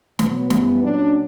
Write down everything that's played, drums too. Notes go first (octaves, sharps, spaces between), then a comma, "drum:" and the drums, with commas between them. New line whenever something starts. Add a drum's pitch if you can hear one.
B2 F#3 B3, drum: snare
F#2 E3 G3 B3, drum: snare
A#2 F#3 C#4 D4